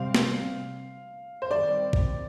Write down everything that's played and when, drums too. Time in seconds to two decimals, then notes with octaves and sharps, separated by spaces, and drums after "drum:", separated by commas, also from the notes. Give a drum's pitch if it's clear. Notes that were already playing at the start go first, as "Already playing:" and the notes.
Already playing: C3 G3 C4 F5
0.15 drum: snare
1.42 C5
1.50 D#3 G3 C4 D5
1.93 drum: kick